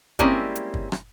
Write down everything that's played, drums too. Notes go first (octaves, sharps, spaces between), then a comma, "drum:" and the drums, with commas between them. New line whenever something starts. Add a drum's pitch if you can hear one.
G3 G#3 A#3 C4 C#4 E4, drum: kick, hi-hat
drum: hi-hat
drum: kick
drum: rim click